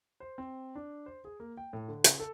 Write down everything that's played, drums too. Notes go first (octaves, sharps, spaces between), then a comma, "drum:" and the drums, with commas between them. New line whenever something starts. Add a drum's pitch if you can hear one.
C5
C4
D4
C5
G#4
A#3
G5
A2
D3
C#3, drum: hi-hat
A4